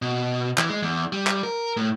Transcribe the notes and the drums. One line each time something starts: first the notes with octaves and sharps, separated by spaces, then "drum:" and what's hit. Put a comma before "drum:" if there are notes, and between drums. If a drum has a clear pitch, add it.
B2
E3, drum: clap
G#3
E2
G3
drum: clap
A#4
A2